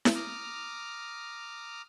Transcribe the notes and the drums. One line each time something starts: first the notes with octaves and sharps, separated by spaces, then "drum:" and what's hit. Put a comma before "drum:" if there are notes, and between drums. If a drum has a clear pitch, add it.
drum: snare E4
A#5 D6 D#6 F6